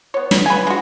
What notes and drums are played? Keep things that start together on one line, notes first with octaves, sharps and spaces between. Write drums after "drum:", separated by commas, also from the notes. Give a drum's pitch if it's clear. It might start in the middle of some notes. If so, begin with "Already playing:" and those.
B3 C#5
drum: snare
B4 G#5
G#3 F#4